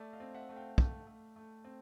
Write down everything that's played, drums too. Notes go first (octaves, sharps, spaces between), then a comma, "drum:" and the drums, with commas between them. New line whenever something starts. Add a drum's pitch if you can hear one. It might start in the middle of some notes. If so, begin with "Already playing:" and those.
Already playing: A3 D5 E5
D#5 F5
C4
E5 F#5
A3
F5 G5
A3, drum: kick
A3
A3
C4